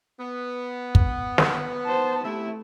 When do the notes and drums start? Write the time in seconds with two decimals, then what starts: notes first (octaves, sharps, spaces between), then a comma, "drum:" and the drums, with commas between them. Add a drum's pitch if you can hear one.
0.20 B3
0.95 drum: kick
1.38 drum: snare
1.85 C5 A5
2.24 C3 A3 E4